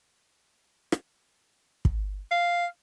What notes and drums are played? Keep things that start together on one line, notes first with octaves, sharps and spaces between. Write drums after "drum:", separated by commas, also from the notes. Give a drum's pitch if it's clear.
drum: rim click
drum: kick
F5